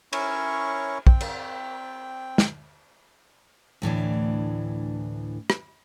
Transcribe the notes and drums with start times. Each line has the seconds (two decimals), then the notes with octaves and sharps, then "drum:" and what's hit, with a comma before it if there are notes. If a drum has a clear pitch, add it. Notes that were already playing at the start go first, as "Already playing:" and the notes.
0.13 C#4 E4 A#4 C#5 C#6, drum: cymbal
1.07 C4 G5, drum: kick
1.20 drum: cymbal
2.38 drum: snare
3.82 D2 A2 E3 D4
5.50 drum: rim click